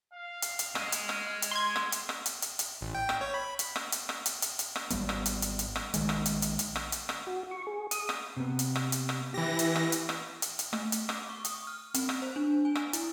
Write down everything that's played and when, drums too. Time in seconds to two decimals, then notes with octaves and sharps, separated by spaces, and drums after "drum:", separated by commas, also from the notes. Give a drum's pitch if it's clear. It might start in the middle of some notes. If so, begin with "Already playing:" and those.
0.13 F5
0.42 drum: hi-hat
0.59 drum: hi-hat
0.75 G#4 D#5 F6, drum: rim click
0.92 drum: hi-hat
1.09 drum: rim click
1.42 drum: hi-hat
1.51 C6 G#6
1.76 drum: rim click
1.92 drum: hi-hat
2.09 drum: rim click
2.26 drum: hi-hat
2.42 drum: hi-hat
2.59 drum: hi-hat
2.81 A1
2.95 G5
3.09 drum: rim click
3.21 C#5
3.34 B5
3.59 drum: hi-hat
3.76 drum: rim click
3.92 drum: hi-hat
4.09 drum: rim click
4.26 drum: hi-hat
4.42 drum: hi-hat
4.59 drum: hi-hat
4.76 drum: rim click
4.90 G#1 G#2 G3 B3, drum: hi-hat
5.09 drum: rim click
5.26 drum: hi-hat
5.42 drum: hi-hat
5.59 drum: hi-hat
5.76 drum: rim click
5.94 A#1 D#3 G#3, drum: hi-hat
6.09 drum: rim click
6.26 drum: hi-hat
6.42 drum: hi-hat
6.59 drum: hi-hat
6.76 drum: rim click
6.92 drum: hi-hat
7.09 drum: rim click
7.27 F#4
7.51 C#6
7.67 G#4
7.91 D#6, drum: hi-hat
8.09 drum: rim click
8.37 C3 B3
8.59 drum: hi-hat
8.76 drum: rim click
8.92 drum: hi-hat
9.09 drum: rim click
9.34 E3 G4 B4 A#6
9.59 drum: hi-hat
9.75 drum: rim click
9.92 drum: hi-hat
10.09 drum: rim click
10.42 drum: hi-hat
10.59 drum: hi-hat
10.73 A3, drum: rim click
10.92 drum: hi-hat
11.09 D6, drum: rim click
11.29 C#6
11.45 D#6, drum: hi-hat
11.67 F6
11.94 C4, drum: hi-hat
12.09 drum: rim click
12.22 C5
12.36 D4
12.65 G#5
12.75 drum: rim click
12.93 E4, drum: hi-hat